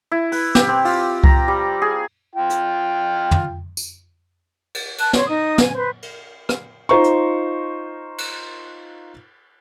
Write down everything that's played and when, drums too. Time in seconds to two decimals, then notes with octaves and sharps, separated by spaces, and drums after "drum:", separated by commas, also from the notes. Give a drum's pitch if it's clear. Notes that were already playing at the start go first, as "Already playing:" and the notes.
0.12 E4
0.32 B4, drum: open hi-hat
0.55 G4, drum: snare
0.69 C4
0.85 F4, drum: open hi-hat
1.24 A#5, drum: kick C2
1.48 G3
1.82 G#4
2.36 F4 G5
2.50 drum: hi-hat
3.31 drum: tom
3.77 drum: tambourine
4.74 drum: cymbal
4.98 A5 F#6, drum: cymbal
5.13 C#5 C6, drum: snare
5.26 D#4 D#6
5.58 G#5, drum: snare
5.74 B4 C5
6.02 drum: cymbal
6.49 drum: rim click
6.89 D#4 F4 C5 A#5 C#6
7.04 drum: hi-hat
8.18 drum: cymbal